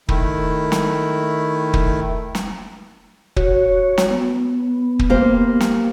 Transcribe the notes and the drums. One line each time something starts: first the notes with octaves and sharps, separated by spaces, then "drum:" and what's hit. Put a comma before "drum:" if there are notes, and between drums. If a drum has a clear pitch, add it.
D#3 A3 E4, drum: kick
drum: snare
drum: kick
drum: snare
F#4 C#5, drum: kick
drum: snare
B3
drum: kick
A#3 G4 C5
drum: snare